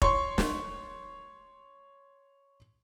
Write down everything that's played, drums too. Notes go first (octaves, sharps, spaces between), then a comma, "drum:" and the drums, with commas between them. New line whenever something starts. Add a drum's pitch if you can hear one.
C#5 C6 C#6, drum: kick F1
drum: snare